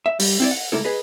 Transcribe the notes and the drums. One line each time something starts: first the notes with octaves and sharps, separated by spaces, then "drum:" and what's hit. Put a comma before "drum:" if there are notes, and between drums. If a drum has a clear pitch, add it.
E5
G3, drum: open hi-hat
C4 E4 D5
F#5
C#2 G#3 A#3 E4 A4
G#4 B4 D#5